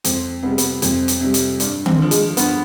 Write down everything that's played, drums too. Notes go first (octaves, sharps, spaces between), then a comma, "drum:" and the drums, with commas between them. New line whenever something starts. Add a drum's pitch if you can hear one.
F2 C4, drum: hi-hat
C3 G3 B3
G#3
B3, drum: hi-hat
F2 C4, drum: hi-hat
drum: hi-hat
C3 G3
drum: hi-hat
G2 D4, drum: hi-hat
C4, drum: tom D#3
D3 F3
G#3, drum: hi-hat
G2 B3, drum: hi-hat